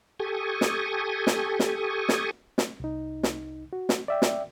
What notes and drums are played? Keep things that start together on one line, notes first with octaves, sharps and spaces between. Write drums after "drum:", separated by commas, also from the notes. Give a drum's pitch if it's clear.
G4 A4 G#5 C#6 D#6
drum: snare
drum: snare
drum: snare
drum: snare
drum: snare
C2 D#4
drum: snare
F#4
drum: snare
D5 E5 G5
drum: snare